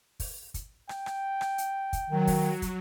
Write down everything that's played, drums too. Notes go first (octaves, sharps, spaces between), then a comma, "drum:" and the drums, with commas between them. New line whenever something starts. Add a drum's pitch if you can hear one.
drum: kick, open hi-hat
drum: kick, hi-hat
G5, drum: rim click
drum: rim click
drum: rim click
drum: hi-hat
drum: kick, hi-hat
D#3 F#3
drum: kick, open hi-hat
drum: kick, hi-hat